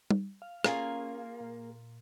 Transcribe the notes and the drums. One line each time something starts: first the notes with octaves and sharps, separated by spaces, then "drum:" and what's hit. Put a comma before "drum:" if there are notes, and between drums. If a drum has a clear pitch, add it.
drum: tom G3
F5
A#3 C#4 F4 G#4 A#4, drum: rim click
A#2